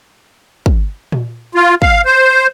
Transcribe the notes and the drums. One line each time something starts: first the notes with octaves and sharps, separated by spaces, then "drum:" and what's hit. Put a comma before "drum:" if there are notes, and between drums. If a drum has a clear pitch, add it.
drum: kick
drum: tom A#2
F4
F5, drum: kick
C5